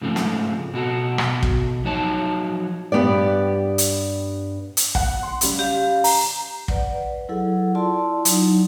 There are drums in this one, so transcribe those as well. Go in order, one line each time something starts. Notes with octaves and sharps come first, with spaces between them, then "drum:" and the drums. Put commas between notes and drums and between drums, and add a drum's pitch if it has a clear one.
G#2 C#3 F3 A3 C4
drum: snare
B2 F#4 A4
drum: rim click
drum: kick
F3 F#3 D#4 C#5 A5
G2 C#3 B3 G4 D5
drum: hi-hat
drum: hi-hat
F#5, drum: kick
C6
C#3 G3, drum: hi-hat
G4 F5
A#5, drum: open hi-hat
B4 D5 F#5, drum: kick
F#3 E4 G#4 A4 F#5
E4 F4 D5 A5 C6
F#3 D#4, drum: hi-hat